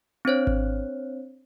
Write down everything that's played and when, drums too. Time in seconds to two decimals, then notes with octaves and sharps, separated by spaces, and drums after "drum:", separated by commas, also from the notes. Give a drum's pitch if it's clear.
0.25 C4 D4 C5 C#5
0.47 drum: kick G#1